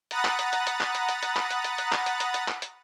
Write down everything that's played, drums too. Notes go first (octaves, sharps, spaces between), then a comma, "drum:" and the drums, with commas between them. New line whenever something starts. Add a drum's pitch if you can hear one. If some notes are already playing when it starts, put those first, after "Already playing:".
F#5 A#5 B5 D#6 F#6 A6, drum: hi-hat
drum: clap
drum: hi-hat
drum: hi-hat
drum: hi-hat
drum: clap
drum: hi-hat
drum: hi-hat
drum: hi-hat
drum: clap
drum: hi-hat
drum: hi-hat
drum: hi-hat
drum: clap
drum: hi-hat
drum: hi-hat
drum: hi-hat
drum: clap
drum: hi-hat